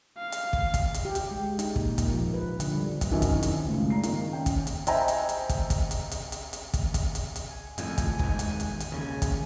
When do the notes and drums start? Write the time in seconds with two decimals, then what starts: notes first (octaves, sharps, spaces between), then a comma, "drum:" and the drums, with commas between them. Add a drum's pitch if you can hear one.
0.17 F5
0.32 drum: hi-hat
0.53 drum: kick
0.74 drum: kick, hi-hat
0.94 drum: hi-hat
1.05 G4
1.15 drum: hi-hat
1.31 G#3
1.59 D#4, drum: hi-hat
1.76 A#2, drum: kick
1.98 A#3, drum: kick, hi-hat
2.13 F3
2.34 B4
2.60 D3, drum: hi-hat
2.73 G3
3.01 drum: kick, hi-hat
3.11 F#2 D#3 C4 E4 D#5 G#5
3.22 drum: kick, hi-hat
3.43 drum: hi-hat
3.67 C#2 A2 C#3
3.90 G#1 A#5 C7
4.03 D#3 A#3 C4 D#4, drum: hi-hat
4.33 C#4 G5
4.46 drum: kick, hi-hat
4.67 drum: hi-hat
4.87 C5 D#5 E5 G5 G#5 A#5, drum: hi-hat
5.08 drum: hi-hat
5.29 drum: hi-hat
5.49 drum: kick, hi-hat
5.70 drum: kick, hi-hat
5.91 drum: hi-hat
6.11 drum: hi-hat
6.32 drum: hi-hat
6.53 drum: hi-hat
6.73 drum: kick, hi-hat
6.94 drum: kick, hi-hat
7.15 drum: hi-hat
7.36 drum: hi-hat
7.49 G#5
7.78 G1 F2 A2 G#5, drum: hi-hat
7.98 drum: kick, hi-hat
8.19 G#1 E2 G#2, drum: kick
8.39 drum: hi-hat
8.60 drum: hi-hat
8.80 drum: hi-hat
8.90 E1 D#2 C#3
9.22 drum: kick, hi-hat